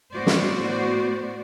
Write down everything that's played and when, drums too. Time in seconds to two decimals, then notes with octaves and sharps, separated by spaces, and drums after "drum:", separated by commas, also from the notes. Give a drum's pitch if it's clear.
0.12 A2 B3 F#4 C5 D5
0.27 drum: snare